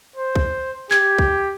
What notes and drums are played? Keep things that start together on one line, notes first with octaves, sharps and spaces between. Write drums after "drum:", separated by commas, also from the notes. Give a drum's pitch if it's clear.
C5
drum: kick
G4 G#6, drum: clap
drum: kick